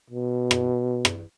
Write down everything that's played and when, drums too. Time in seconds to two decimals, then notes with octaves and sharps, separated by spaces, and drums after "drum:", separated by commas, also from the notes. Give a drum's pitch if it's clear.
0.10 B2
0.51 drum: rim click
1.05 drum: rim click